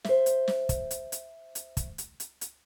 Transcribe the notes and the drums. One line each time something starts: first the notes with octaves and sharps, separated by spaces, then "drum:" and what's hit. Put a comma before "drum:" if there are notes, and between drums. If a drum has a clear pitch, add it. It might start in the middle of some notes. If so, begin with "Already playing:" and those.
C5 E5, drum: snare
drum: hi-hat
drum: snare
drum: kick, hi-hat
drum: hi-hat
drum: hi-hat
drum: hi-hat
drum: kick, hi-hat
drum: hi-hat
drum: hi-hat
drum: hi-hat